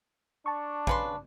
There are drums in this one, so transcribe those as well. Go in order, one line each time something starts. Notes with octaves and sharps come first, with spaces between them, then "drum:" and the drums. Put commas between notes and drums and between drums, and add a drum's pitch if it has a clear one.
D4 A5 C#6
C#3 B4 C6, drum: kick